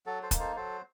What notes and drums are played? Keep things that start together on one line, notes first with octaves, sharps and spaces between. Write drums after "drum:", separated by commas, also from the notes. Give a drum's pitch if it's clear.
F#3 A4
A4 C5
A#3 D#4, drum: kick, hi-hat
A4 C5
F#3 A4 C5